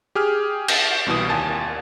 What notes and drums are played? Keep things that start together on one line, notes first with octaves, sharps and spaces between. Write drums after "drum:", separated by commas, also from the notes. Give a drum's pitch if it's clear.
G4 G#4 F6
G6, drum: cymbal
C2 B2 E3 D#6
D#2 G#5 A5 A6